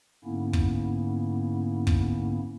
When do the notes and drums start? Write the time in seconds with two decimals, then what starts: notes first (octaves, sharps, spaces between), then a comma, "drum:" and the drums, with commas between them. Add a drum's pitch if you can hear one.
0.25 G#2 D3 A#3 B3 C#4 E4
0.53 drum: kick
1.87 drum: kick